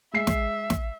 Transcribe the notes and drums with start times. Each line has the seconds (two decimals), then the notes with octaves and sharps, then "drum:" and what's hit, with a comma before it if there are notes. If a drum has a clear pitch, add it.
0.13 G#3 E5 C7
0.27 drum: snare
0.70 drum: snare